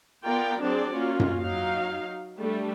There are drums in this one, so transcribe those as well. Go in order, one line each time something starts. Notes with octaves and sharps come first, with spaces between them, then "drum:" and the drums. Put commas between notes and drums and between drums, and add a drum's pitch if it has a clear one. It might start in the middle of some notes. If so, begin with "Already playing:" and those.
B3 F4 A#4 D5 G5
F#3 C4 D4 G#4 D5
A#3 C#4 F4 F#4
drum: tom F#2
F#3 D#4 F5
G3 A3 D4